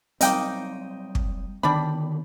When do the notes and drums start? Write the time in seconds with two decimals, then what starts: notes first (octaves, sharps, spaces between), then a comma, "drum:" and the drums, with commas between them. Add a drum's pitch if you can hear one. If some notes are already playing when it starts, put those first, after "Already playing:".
0.21 F#3 G3 A#3 C4 D#4 D#5 G5, drum: hi-hat
1.15 drum: kick
1.63 D3 D#3 G3 B3 D4 B5